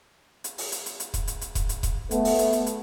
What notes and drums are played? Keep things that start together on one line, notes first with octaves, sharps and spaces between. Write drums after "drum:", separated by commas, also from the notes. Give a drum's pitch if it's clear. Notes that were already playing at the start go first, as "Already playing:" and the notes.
drum: hi-hat
drum: open hi-hat
drum: hi-hat
drum: hi-hat
drum: hi-hat
drum: kick D#1, hi-hat
drum: hi-hat
drum: hi-hat
drum: kick D#1, hi-hat
drum: hi-hat
drum: kick D#1, hi-hat
A3 B3, drum: hi-hat
drum: open hi-hat
drum: hi-hat
drum: hi-hat
drum: hi-hat